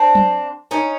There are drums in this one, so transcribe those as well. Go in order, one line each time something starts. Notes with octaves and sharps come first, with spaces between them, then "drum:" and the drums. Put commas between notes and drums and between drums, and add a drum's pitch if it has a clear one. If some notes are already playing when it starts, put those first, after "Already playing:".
Already playing: C4 D4
drum: tom F#3
C#4 D#4